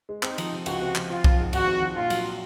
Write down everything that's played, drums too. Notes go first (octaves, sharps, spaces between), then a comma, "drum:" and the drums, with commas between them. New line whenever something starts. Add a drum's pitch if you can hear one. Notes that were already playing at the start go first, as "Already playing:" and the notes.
G#3
C4 D#4, drum: clap
F3, drum: cymbal
C3
C#2 F#4, drum: cymbal
C4
F3, drum: clap
C4 F4
F3, drum: kick B1
G#2
G#1 F#4, drum: cymbal
C4
F3
A#1 F4
F#3, drum: cymbal